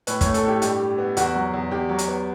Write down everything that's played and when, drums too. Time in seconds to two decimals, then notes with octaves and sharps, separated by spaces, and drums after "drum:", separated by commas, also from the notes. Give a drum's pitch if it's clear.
0.07 A2 B4, drum: hi-hat
0.21 A3 C#5, drum: kick, hi-hat
0.34 A4, drum: hi-hat
0.43 A2 G4
0.62 G2 G4, drum: hi-hat
0.80 G3
0.98 B3
1.17 E2 F#4, drum: hi-hat
1.35 F#3
1.53 E2
1.71 E2 G4
1.89 F#3
1.98 drum: hi-hat
2.08 B3